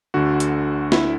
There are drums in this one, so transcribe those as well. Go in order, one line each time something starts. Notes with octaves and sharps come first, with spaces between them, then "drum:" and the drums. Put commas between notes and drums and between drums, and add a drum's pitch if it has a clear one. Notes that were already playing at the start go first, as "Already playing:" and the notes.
D2 D3 F#4
drum: hi-hat
E4, drum: snare